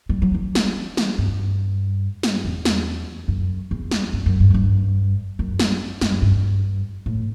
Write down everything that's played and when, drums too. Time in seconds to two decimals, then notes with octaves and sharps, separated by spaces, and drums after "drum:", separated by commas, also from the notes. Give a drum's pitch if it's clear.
0.09 G3
0.22 F#3
0.34 E3
0.55 drum: snare
0.97 drum: snare
1.18 G2
2.23 drum: snare
2.45 E2
2.65 drum: snare
3.28 F#2
3.71 E2
3.91 drum: snare
4.13 F#2
4.26 F#2
4.40 G2
4.50 F#2
4.54 G2
5.39 F#2
5.59 drum: snare
6.01 F#2, drum: snare
6.22 G2
7.06 A2